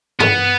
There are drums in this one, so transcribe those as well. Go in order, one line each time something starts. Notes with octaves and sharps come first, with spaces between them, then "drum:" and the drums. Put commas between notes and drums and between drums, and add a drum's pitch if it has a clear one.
B3, drum: tom G2